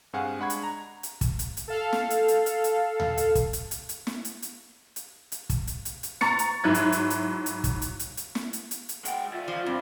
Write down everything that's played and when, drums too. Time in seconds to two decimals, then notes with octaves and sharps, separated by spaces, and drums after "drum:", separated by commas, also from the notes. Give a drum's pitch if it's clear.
0.13 G2 C4 G#4 F5 F#5 G#5
0.39 G#3 D4 F#5 B5 C#6 G#6
0.50 drum: hi-hat
0.64 A#5
1.03 drum: hi-hat
1.21 drum: kick, hi-hat
1.39 drum: hi-hat
1.57 drum: hi-hat
1.68 A4 F5
1.92 drum: snare
2.10 drum: hi-hat
2.28 drum: hi-hat
2.46 drum: hi-hat
2.64 drum: hi-hat
3.00 drum: tom D2
3.17 drum: hi-hat
3.35 drum: kick, hi-hat
3.53 drum: hi-hat
3.71 drum: hi-hat
3.89 drum: hi-hat
4.07 drum: snare
4.25 drum: hi-hat
4.42 drum: hi-hat
4.96 drum: hi-hat
5.32 drum: hi-hat
5.50 drum: kick, hi-hat
5.67 drum: hi-hat
5.85 drum: hi-hat
6.03 drum: hi-hat
6.21 A#5 C#6 A6 C#7, drum: snare
6.39 drum: hi-hat
6.64 G#2 F#3 E4 F#6 G#6
6.74 drum: hi-hat
6.92 drum: hi-hat
7.10 drum: hi-hat
7.46 drum: hi-hat
7.64 drum: kick, hi-hat
7.82 drum: hi-hat
7.99 drum: hi-hat
8.17 drum: hi-hat
8.35 drum: snare
8.53 drum: hi-hat
8.71 drum: hi-hat
8.89 drum: hi-hat
9.05 G#3 F#5 G5, drum: hi-hat
9.33 F4 D5 E5
9.48 F2 F3
9.66 G2 C4